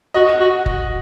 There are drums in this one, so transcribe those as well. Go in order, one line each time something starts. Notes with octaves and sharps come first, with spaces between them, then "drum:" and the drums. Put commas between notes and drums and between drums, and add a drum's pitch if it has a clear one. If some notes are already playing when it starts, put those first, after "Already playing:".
F#4 D#5
F#4
drum: kick F#1